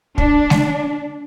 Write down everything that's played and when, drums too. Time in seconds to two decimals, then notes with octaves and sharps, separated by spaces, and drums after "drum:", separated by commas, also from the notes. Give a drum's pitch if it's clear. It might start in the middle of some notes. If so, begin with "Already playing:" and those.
0.18 D4, drum: kick
0.50 drum: snare G#3